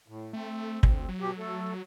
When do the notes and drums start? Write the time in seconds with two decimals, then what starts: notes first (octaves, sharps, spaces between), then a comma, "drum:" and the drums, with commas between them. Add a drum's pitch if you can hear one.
0.08 A2
0.33 A3 C4
0.83 D2, drum: kick
1.09 F#3
1.20 B2 G4
1.38 A3 A4